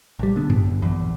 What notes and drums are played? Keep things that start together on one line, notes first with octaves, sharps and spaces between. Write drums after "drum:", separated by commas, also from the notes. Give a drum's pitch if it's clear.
A#1 G3
D3 B3
G1, drum: tom F#2
A#1 E2